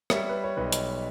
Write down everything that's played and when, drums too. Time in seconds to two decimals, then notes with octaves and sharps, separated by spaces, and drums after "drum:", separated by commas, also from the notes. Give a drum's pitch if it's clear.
0.10 G3 C#5 E5, drum: rim click
0.29 B4
0.44 C#5
0.57 B1 B4 D#5
0.72 drum: hi-hat